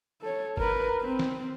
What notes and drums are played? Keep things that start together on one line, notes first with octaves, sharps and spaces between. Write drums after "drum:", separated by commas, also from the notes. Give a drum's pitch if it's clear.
A4 C#5
A#4 B4, drum: kick G1
C4
drum: snare